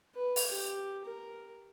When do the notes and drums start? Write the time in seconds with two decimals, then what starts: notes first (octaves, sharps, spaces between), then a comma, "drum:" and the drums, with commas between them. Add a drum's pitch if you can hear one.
0.15 B4
0.36 drum: open hi-hat
0.47 G4
1.05 A#4